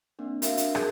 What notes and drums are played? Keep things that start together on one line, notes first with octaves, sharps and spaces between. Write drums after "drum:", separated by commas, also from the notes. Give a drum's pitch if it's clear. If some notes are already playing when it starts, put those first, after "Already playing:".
A#3 C4 D4
D4 F#4 A#4 E5 F5, drum: hi-hat
drum: hi-hat
G#4 A#4, drum: rim click